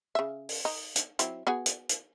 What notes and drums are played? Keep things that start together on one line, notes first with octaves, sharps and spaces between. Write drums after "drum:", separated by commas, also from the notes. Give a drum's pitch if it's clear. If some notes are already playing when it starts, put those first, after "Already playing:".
C#3 E5
drum: open hi-hat
D#4
drum: hi-hat
F#3 C4 E4, drum: hi-hat
B3 F#4 G#4
drum: hi-hat
drum: hi-hat